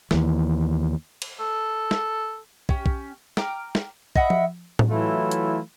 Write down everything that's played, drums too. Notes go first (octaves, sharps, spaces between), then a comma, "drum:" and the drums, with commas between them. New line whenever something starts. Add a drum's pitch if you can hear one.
D#2 E3, drum: snare
drum: cymbal
A4
drum: snare
C#4 G4, drum: kick
drum: kick
G5 A#5 D6 F6, drum: snare
drum: snare
D#5 E5 F#5 B5, drum: kick
drum: tom F3
drum: tom A2
E3 F#3 A3 E4 F4
drum: hi-hat